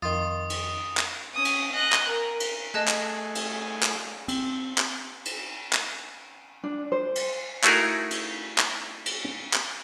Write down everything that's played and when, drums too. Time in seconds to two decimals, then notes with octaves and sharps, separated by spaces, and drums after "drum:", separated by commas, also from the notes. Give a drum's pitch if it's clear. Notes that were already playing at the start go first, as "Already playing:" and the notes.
0.02 F2 D#3 F4 D#6
0.50 drum: cymbal
0.97 drum: clap
1.35 C#4 D#6
1.45 drum: cymbal
1.72 D#5 F#6
1.92 drum: clap
2.08 A#4
2.40 drum: cymbal
2.74 A3 G#4 D#5 A5 F#6
2.88 drum: clap
3.35 drum: cymbal
3.83 drum: clap
4.28 C4, drum: cymbal
4.78 drum: clap
5.25 drum: cymbal
5.73 drum: clap
6.64 D4
6.92 C5
7.16 drum: cymbal
7.64 A3 D#4 E4 F#4 G#4 A#4, drum: clap
8.11 drum: cymbal
8.58 drum: clap
9.06 drum: cymbal
9.53 drum: clap